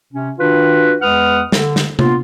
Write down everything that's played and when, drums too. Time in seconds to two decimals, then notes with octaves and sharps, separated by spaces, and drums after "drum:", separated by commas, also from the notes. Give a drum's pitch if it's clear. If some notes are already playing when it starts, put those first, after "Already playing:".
0.13 C3 C#4
0.39 D#3 D4 F4 F#4 B4
1.01 E2 G#3 B4 F#5 D#6 F6
1.52 D3, drum: snare
1.76 drum: snare
1.99 A#3 B3 F4, drum: tom C3